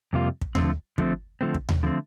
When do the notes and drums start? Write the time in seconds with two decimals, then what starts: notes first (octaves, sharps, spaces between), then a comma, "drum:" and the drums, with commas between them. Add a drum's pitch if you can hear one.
0.13 F2 C3 G3 A#3 F4
0.41 drum: kick
0.55 D3 F3 A3 C4, drum: tom D#2
0.98 D3 F3 A3 C4, drum: kick
1.41 D3 F3 A3 C4
1.54 drum: kick
1.69 drum: tom D#2
1.83 D3 F3 A3 C4